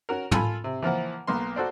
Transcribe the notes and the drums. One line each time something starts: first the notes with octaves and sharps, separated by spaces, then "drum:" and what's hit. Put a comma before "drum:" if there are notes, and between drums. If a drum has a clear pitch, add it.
C#4 F#4 A#4
F4 A4 G#5 B5, drum: tom
C3
E3 F3 A#3 F#5
B1 A#3 B3 C6
F#4 A4 C5 D5